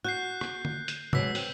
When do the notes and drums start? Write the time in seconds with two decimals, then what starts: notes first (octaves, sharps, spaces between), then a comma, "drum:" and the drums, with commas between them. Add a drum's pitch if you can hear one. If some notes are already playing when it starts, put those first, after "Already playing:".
0.04 F#4 F#6 G6 C7
0.41 drum: rim click
0.65 drum: tom D3
0.88 drum: hi-hat
1.13 B2 F#3 G#3 E6 B6, drum: tom
1.35 C4, drum: open hi-hat